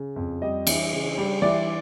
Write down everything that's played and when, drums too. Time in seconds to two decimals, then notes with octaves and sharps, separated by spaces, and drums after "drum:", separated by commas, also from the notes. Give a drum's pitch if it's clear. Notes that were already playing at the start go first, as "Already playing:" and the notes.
Already playing: C#3
0.16 F2
0.42 G3 D#5
0.67 E3, drum: cymbal
0.93 C#3
1.18 G3
1.42 E3 D5